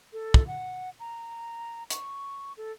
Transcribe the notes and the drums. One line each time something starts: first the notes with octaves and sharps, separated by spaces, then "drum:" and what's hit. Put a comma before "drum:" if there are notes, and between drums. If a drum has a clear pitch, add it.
A4
drum: kick
F#5
A#5
C#6, drum: hi-hat
A4